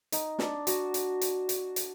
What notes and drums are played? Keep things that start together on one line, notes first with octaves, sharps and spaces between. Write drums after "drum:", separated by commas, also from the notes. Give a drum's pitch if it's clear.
D#4, drum: hi-hat
D4, drum: snare
F#4, drum: hi-hat
drum: hi-hat
drum: hi-hat
drum: hi-hat
drum: hi-hat